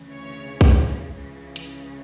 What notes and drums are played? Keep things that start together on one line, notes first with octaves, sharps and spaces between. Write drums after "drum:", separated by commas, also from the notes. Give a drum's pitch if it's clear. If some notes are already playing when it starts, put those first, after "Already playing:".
Already playing: D2 C#3 E3
C#5
drum: kick
C#2 C#3 E3
drum: hi-hat